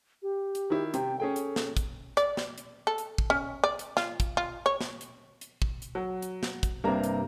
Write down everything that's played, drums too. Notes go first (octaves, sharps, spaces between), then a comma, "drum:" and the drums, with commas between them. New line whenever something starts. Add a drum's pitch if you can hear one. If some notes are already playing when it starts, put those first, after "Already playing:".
G4
drum: hi-hat
D#3 E4
C3 G5, drum: hi-hat
C#4 G#4 A4 G5
drum: hi-hat
drum: snare
drum: kick, hi-hat
D5, drum: hi-hat
drum: snare
drum: hi-hat
A4
drum: hi-hat
drum: kick
C#4
D5
drum: hi-hat
F4, drum: snare
drum: kick, hi-hat
F4
C#5
drum: snare
drum: hi-hat
drum: hi-hat
drum: kick
drum: hi-hat
F#3
drum: hi-hat
drum: snare
drum: kick, hi-hat
G2 C3 A#3 A#5
drum: hi-hat